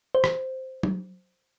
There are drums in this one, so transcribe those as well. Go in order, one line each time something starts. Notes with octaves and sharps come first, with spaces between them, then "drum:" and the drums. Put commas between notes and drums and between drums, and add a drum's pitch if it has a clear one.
C5
drum: rim click
drum: tom